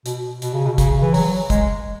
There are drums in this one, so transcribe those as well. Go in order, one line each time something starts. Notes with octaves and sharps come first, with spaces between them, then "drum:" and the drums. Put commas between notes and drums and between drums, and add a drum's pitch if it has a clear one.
B2, drum: hi-hat
B2, drum: hi-hat
C#3
B2
C#3, drum: kick, hi-hat
C#3
E3
F#3, drum: open hi-hat
G#3, drum: kick, hi-hat